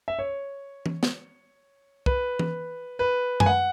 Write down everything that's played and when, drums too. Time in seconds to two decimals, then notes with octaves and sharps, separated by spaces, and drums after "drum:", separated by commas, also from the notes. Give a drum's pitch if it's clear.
0.08 E5
0.19 C#5
0.86 drum: tom E3
1.03 drum: snare
2.06 B4, drum: kick
2.39 drum: tom E3
2.99 B4
3.40 G#5, drum: tom F#2
3.46 F#5